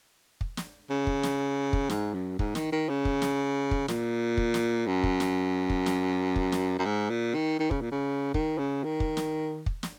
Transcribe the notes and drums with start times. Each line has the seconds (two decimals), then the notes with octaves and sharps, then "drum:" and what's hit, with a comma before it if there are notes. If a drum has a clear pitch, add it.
0.41 drum: kick
0.57 drum: snare
0.90 C#3
1.07 drum: kick
1.23 drum: snare
1.73 drum: kick
1.90 G#2, drum: snare
2.14 F#2
2.39 G#2, drum: kick
2.55 D#3, drum: snare
2.72 D#3
2.89 C#3
3.05 drum: kick
3.22 drum: snare
3.71 drum: kick
3.88 A#2, drum: snare
4.37 drum: kick
4.54 drum: snare
4.87 F#2
5.04 drum: kick
5.20 drum: snare
5.70 drum: kick
5.86 drum: snare
6.36 drum: kick
6.52 drum: snare
6.79 F#2
6.85 G#2
7.10 A#2
7.35 D#3
7.59 D#3
7.71 C#3, drum: kick
7.81 A#2
7.92 C#3
8.34 D#3, drum: kick
8.59 C#3
8.84 D#3
9.00 drum: kick
9.17 drum: snare
9.66 drum: kick
9.83 drum: snare